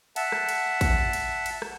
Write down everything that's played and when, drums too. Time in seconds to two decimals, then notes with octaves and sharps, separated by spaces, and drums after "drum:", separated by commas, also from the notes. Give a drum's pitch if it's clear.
0.16 E5 F#5 A5, drum: cymbal
0.32 drum: rim click
0.49 drum: cymbal
0.81 drum: kick, cymbal
1.13 drum: cymbal
1.46 drum: cymbal
1.62 drum: rim click